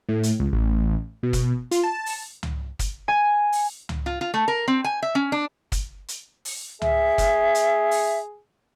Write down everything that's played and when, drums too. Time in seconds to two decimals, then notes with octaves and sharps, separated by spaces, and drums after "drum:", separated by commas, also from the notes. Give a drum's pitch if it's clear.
0.09 A2
0.23 drum: hi-hat
0.40 C#2
0.53 A1
1.23 B2
1.33 drum: kick, hi-hat
1.71 F4, drum: hi-hat
1.83 A5
2.06 drum: open hi-hat
2.43 drum: tom
2.79 drum: kick, hi-hat
3.08 G#5
3.52 drum: open hi-hat
3.89 drum: tom
4.06 F4
4.21 F4
4.34 A3
4.48 A#4
4.68 C4
4.84 G#5
5.02 E5
5.15 C#4
5.32 D4
5.72 drum: kick, hi-hat
6.08 drum: hi-hat
6.45 drum: open hi-hat
6.82 G#4 E5, drum: tom
7.18 drum: kick, hi-hat
7.55 drum: hi-hat
7.91 drum: open hi-hat